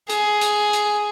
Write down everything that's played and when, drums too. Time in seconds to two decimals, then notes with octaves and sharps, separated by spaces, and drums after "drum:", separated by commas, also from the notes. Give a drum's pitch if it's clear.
0.10 G#4, drum: hi-hat
0.41 drum: hi-hat
0.73 drum: hi-hat